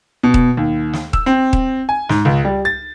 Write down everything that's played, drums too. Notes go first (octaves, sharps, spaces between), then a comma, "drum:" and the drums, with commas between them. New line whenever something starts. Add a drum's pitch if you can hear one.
B2
drum: kick D#1
D#2
drum: snare
E6, drum: kick D#1
C4
drum: kick D#1
G#5
G#2, drum: snare
C#2
G3
A6